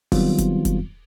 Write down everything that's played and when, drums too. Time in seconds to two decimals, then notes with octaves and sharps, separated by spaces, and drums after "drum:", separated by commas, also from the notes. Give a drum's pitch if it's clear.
0.12 D#3 F#3 G3 B3 C4 F4, drum: kick, open hi-hat
0.38 drum: kick, hi-hat
0.65 drum: kick, hi-hat